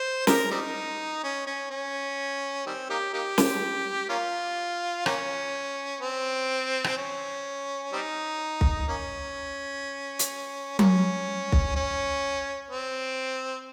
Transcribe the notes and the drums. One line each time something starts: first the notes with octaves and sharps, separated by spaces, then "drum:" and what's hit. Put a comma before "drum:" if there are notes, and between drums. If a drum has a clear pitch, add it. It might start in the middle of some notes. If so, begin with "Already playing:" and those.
Already playing: C5
D#4 G4 A#4, drum: snare
G3 C4 D#4
C#4
C#4
C#4
D#3 G3 C4
A#3 D#4 G4
A#3 D#4 G4
drum: snare
A#3 C#4 F4
A#3 C#4, drum: rim click
C4
drum: rim click
C#4
G3 C4 D#4
drum: kick
A#3 C#4
drum: hi-hat
A#3 C#4, drum: tom F#3
drum: kick
C#4
C4